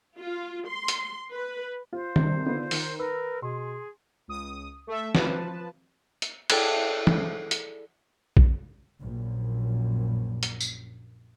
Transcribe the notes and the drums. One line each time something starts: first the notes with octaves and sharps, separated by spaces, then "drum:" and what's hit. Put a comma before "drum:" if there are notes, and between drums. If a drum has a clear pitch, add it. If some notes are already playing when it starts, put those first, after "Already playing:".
F4
C6
drum: hi-hat
B4
F4 C5
C2 C3 D#3 G3, drum: tom
D3 B3 D#4 F4
D#3, drum: open hi-hat
A#4 B4 E6
B2 G#4 C6
C#2 D#6
A3 A4 E5
F3 B4 A5, drum: snare
drum: hi-hat
E4 G#4 A4 D5 G5, drum: cymbal
drum: tom
drum: hi-hat
drum: kick
A#1 F#2
drum: hi-hat
drum: tambourine